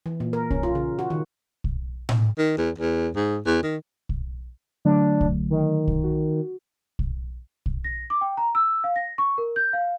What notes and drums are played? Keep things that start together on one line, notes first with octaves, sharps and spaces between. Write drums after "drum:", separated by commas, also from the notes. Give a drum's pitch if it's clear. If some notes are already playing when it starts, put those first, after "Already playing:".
E3
A#2
A#4
C#4, drum: kick
F4
C#3
F#4
D#3
drum: kick
drum: tom A2
D#3
E2
E2
G#2
E2
D#3
drum: kick
D3 F#3 A3 D4
drum: kick
D#3
drum: kick
F#4
drum: kick
drum: kick
A#6
D6
G5
A#5
E6
F5
A#6
C#6
A#4
G6
F5